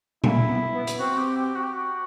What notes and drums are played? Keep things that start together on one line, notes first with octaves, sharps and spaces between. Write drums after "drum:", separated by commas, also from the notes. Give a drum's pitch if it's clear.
A#3 E4, drum: tom A#2
B3
B3
drum: hi-hat
C4 F#4
G4
G4
F#4
G4
F#4